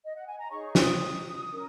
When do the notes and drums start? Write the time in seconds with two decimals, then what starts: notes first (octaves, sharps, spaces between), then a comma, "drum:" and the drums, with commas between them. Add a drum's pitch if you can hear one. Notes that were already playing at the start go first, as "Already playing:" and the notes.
0.04 D#5
0.15 F#5
0.26 G#5
0.39 A#5
0.49 D#4 G#4 C#5 C#6
0.66 C#6
0.75 D#6, drum: snare
1.51 C#4 A#4